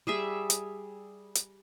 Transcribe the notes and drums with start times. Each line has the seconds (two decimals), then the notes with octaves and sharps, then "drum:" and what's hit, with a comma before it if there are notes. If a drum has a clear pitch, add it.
0.07 G3 G#4 E5
0.50 drum: hi-hat
1.35 drum: hi-hat